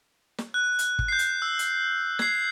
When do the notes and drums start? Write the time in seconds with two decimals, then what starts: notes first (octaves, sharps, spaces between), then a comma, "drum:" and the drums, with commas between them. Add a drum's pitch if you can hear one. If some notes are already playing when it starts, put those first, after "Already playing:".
0.38 drum: snare
0.54 F#6
0.79 drum: hi-hat
0.99 drum: kick
1.08 G6 C7
1.19 drum: hi-hat
1.42 E6
1.59 drum: hi-hat
2.19 G#6 C7, drum: snare